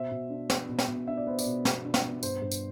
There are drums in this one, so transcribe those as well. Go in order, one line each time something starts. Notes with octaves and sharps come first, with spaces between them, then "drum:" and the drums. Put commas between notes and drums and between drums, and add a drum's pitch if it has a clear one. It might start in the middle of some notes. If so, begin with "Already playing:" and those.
Already playing: B2 C5 E5
B2
D4
B3, drum: snare
B2
drum: snare
B2
D4 E5
D5
B3 C5
D5, drum: tambourine
B2
B2, drum: snare
D4
drum: snare
B3
G2 C5, drum: tambourine
G2
drum: tambourine